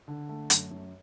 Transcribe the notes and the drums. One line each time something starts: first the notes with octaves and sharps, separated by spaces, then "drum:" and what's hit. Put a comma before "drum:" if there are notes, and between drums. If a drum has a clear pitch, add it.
D3
A3
F#2, drum: hi-hat
F#2